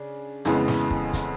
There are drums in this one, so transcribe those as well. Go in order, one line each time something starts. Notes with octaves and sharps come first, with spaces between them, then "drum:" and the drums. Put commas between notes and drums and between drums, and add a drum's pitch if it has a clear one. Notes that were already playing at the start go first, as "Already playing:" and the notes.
Already playing: C#3 D4
F2 C#3 E3 G#3 B3, drum: hi-hat
drum: snare
drum: kick
drum: kick, hi-hat